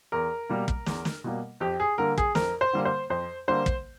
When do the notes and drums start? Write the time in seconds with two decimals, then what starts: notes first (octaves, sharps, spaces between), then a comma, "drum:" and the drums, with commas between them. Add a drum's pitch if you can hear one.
0.12 E2 A#4
0.49 B2 G3 A#3
0.68 drum: kick
0.86 E2, drum: snare
1.05 drum: snare
1.24 B2 G3 A#3
1.60 F2 G4
1.80 G#4
1.98 D3 G3 A#3 A#4
2.18 G#4, drum: kick
2.35 F2 A#4, drum: snare
2.61 C5
2.73 D3 G3 A#3
2.85 C5
3.10 F2 C5
3.48 D3 G3 A#3 C5
3.66 drum: kick